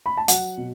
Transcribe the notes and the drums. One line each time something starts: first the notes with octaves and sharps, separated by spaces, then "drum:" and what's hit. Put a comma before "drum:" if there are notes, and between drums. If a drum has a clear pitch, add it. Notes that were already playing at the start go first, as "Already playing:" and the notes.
B5
A5
F#3 F#5, drum: hi-hat
B2